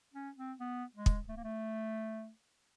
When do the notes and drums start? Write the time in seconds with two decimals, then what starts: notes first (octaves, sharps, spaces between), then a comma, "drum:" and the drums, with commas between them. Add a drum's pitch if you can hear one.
0.14 C#4
0.37 C4
0.60 B3
0.95 G#3
1.06 drum: kick
1.29 A3
1.37 A#3
1.44 A3